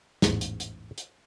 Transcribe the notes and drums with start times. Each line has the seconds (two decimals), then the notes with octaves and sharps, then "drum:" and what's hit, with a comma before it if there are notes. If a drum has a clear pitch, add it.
0.22 A1 E2 G#2, drum: snare
0.41 drum: hi-hat
0.60 drum: hi-hat
0.98 drum: hi-hat